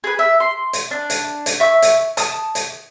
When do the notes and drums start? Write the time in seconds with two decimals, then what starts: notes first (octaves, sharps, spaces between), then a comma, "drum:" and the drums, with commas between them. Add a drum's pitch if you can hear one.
0.04 G#4 B4
0.19 E5
0.40 C6
0.73 drum: hi-hat
0.91 D4
1.10 drum: hi-hat
1.46 drum: hi-hat
1.60 E5 C#6 E6
1.82 drum: hi-hat
2.17 A5 D#6, drum: hi-hat
2.55 drum: hi-hat